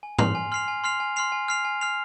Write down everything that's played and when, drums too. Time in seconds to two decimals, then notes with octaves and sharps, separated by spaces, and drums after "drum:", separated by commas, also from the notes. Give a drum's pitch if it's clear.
0.03 G#5
0.19 C6 F6 C7 F7, drum: tom
0.35 G#5
0.52 C6 F6 C7 F7
0.68 G#5
0.83 C6 F6 C7 F7
1.00 G#5
1.16 C6 F6 C7 F7
1.32 G#5
1.48 F6 C7 F7
1.65 G#5
1.81 F6 C7 F7